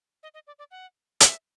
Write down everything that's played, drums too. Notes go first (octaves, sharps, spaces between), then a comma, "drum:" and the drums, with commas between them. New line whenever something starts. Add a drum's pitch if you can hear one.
D#5
D#5
D5
D5
F#5
E5, drum: hi-hat